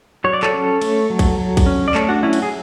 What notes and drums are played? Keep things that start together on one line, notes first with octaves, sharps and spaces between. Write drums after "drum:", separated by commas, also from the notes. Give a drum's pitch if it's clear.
F#3 C#5
D5
A4 C#5, drum: clap
C#4
A3, drum: cymbal
F#3
drum: kick, cymbal
F#3
drum: kick, cymbal
C#4
D5
A3 A4 C#5, drum: clap
D4 F#4
F#3 C#4 E4
drum: cymbal
G#4